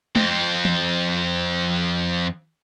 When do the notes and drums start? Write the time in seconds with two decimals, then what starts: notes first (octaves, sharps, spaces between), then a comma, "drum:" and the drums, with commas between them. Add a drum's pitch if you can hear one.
0.16 F2 C4, drum: tom G#3
0.65 drum: tom E3